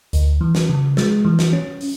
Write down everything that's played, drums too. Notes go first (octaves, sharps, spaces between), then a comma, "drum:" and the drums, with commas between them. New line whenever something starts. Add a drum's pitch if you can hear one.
D2, drum: hi-hat
E3
drum: snare
C#3
G#3, drum: snare
E3
drum: snare
C#4
drum: open hi-hat